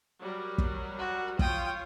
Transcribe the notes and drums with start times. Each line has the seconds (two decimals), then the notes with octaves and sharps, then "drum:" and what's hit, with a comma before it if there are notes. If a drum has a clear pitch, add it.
0.20 F#3 G3 A#4
0.58 drum: kick
0.98 F#4
1.39 F4 C#5 G5 D#6, drum: kick